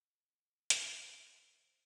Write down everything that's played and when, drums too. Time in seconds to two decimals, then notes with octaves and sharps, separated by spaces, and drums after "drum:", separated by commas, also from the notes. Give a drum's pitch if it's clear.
0.70 drum: hi-hat
1.07 A5
1.24 C6
1.41 E6
1.57 C5